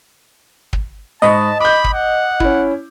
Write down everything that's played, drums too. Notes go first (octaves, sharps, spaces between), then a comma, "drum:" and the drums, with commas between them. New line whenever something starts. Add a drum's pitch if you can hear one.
drum: kick
G#2 D#5 A5 B5 C#6
B5 D6 G6
drum: kick
F#5
C#4 E4, drum: kick